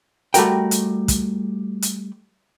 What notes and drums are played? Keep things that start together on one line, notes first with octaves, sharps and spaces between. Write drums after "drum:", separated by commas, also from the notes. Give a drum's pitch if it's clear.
G3 A3 F#4 A#4 G5, drum: hi-hat
drum: hi-hat
drum: kick, hi-hat
drum: hi-hat